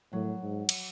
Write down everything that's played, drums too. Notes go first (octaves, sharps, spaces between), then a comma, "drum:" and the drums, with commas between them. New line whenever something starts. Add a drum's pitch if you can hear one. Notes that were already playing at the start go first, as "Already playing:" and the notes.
A2 F#3
G#2
drum: cymbal